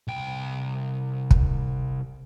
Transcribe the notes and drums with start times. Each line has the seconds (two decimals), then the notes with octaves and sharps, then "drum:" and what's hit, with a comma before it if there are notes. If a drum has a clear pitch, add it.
0.08 C2 G5
1.31 drum: kick